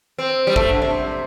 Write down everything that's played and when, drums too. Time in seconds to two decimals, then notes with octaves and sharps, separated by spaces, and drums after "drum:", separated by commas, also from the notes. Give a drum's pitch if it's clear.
0.19 C4
0.47 G3
0.56 A3, drum: kick
0.69 D3
0.82 C3